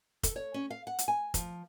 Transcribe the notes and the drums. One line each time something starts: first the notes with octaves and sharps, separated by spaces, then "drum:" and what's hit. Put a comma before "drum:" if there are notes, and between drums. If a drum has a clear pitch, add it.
A4, drum: kick, hi-hat
C#5
C#4
F5
F#5
drum: hi-hat
G#5
F3, drum: kick, hi-hat